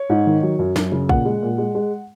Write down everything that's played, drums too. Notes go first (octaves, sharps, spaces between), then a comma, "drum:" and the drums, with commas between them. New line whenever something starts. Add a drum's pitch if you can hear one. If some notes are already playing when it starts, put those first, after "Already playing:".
Already playing: C#5
G#2
D#3
F#3
F#2
F#2, drum: snare
C#3
A#2 F#5, drum: kick
G#3
A#2
G#3
G#3